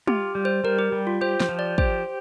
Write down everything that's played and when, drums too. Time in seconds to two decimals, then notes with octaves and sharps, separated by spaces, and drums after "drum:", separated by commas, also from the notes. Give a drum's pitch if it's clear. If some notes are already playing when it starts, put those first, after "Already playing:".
0.07 F4 G4, drum: tom
0.35 G3
0.45 C5
0.64 G3 A#4
0.79 G4
0.92 G3
1.07 F4
1.21 G4 C5
1.40 C5, drum: snare
1.49 F3
1.59 D5
1.78 G4 C5, drum: kick